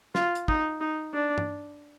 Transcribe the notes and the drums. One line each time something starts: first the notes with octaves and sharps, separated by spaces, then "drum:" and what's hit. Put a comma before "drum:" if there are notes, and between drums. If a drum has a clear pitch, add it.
F4, drum: snare
drum: hi-hat
D#4, drum: kick
D#4
D4
drum: tom G2